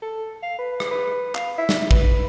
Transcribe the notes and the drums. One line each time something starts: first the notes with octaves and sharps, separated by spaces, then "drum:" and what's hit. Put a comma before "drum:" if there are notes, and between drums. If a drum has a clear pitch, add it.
A4
F5
B4
drum: rim click
B4
F5, drum: clap
E5
drum: snare
B4, drum: kick